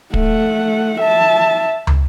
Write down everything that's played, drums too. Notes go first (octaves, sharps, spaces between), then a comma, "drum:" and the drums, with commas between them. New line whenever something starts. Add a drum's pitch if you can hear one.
A3 F#5, drum: kick
E5 A5
drum: tom